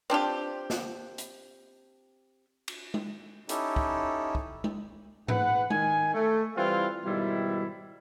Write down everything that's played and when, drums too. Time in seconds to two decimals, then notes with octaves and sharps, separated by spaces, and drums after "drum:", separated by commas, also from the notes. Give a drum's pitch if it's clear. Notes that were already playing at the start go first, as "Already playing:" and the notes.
0.10 C4 D4 F4 G4
0.70 drum: snare
1.18 drum: hi-hat
2.68 drum: cymbal
2.94 drum: tom G#3
3.49 C#4 D#4 E4 G4 A4, drum: hi-hat
3.76 drum: kick
4.35 drum: kick
4.64 drum: tom G#3
5.28 G#2 B4 F#5, drum: tom G#2
5.70 D#3 G#5, drum: tom G#3
6.14 A3
6.56 E3 G3 C4 E4 F4 F5
7.04 G#2 B2 D#3 G3 E4